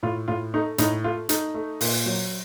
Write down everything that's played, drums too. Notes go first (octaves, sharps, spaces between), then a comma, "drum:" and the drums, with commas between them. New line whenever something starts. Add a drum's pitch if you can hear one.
A2 F4
A2 F4
A3 D#4
A2 D#4, drum: hi-hat
A3 F4
A3 D#4, drum: hi-hat
A3
A#2, drum: open hi-hat
F#3